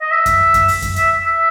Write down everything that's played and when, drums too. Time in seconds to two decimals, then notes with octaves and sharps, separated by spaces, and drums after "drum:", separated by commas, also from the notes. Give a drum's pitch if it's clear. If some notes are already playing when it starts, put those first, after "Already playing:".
0.01 D#5
0.11 E5
0.26 drum: kick F#2, hi-hat
0.54 drum: kick F#2, hi-hat
0.68 drum: open hi-hat
0.82 drum: kick F#2, hi-hat
0.96 E5, drum: hi-hat
1.24 E5